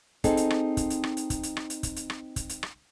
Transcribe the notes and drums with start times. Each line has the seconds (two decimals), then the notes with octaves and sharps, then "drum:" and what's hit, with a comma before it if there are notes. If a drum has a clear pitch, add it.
0.24 C4 D#4 G#4 A4, drum: kick, hi-hat
0.37 drum: hi-hat
0.50 drum: rim click
0.77 drum: kick, hi-hat
0.90 drum: hi-hat
1.04 drum: rim click
1.17 drum: hi-hat
1.30 drum: kick, hi-hat
1.43 drum: hi-hat
1.57 drum: rim click
1.70 drum: hi-hat
1.83 drum: kick, hi-hat
1.96 drum: hi-hat
2.10 drum: rim click
2.36 drum: kick, hi-hat
2.49 drum: hi-hat
2.63 drum: rim click